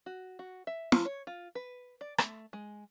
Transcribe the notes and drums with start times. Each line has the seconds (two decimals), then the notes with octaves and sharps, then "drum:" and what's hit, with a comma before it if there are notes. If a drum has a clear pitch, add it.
0.06 F#4
0.39 F#4
0.67 E5
0.92 F3, drum: snare
1.05 C#5
1.27 F4
1.55 B4
2.01 D5
2.18 A3, drum: rim click
2.53 G#3